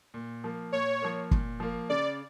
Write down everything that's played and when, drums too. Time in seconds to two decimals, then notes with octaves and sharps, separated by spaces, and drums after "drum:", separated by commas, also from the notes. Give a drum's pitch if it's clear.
0.14 A#2
0.44 F3 A#3
0.72 A#2 C#5
1.02 F3 A#3
1.31 A#2, drum: kick F#1
1.60 F3 A#3
1.89 C#3 D5